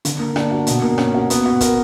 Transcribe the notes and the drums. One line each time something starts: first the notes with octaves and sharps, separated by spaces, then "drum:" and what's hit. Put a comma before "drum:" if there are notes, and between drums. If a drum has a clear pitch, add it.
D3, drum: hi-hat
A#3
D4, drum: rim click
F#4
B2, drum: hi-hat
A#3
C#4, drum: rim click
F#4
B3, drum: hi-hat
F#4
A#4, drum: kick, hi-hat